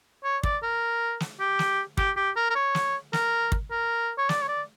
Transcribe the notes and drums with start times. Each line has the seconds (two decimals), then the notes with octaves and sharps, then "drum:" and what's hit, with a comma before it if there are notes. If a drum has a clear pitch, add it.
0.24 C#5
0.43 D5, drum: kick
0.63 A#4
1.20 drum: snare
1.40 G4
1.59 drum: snare
1.97 G4, drum: kick
2.17 G4
2.36 A#4
2.50 A#4
2.55 C#5
2.75 drum: snare
3.13 A#4, drum: snare
3.52 drum: kick
3.71 A#4
4.18 C#5
4.29 D5, drum: snare
4.42 C#5
4.48 D5